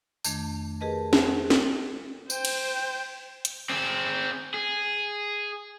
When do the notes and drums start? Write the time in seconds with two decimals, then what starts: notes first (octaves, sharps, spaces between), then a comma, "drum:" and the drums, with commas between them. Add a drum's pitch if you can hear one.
0.24 F2 D#3 A3 D4, drum: tambourine
0.81 G4 G#4 A#4 B4 D#5 A5
1.13 G#4 C5 E5 F#5, drum: snare
1.50 drum: snare
2.30 C5 G5, drum: tambourine
2.45 drum: cymbal
3.45 drum: hi-hat
3.70 C4 G#4
4.54 G#4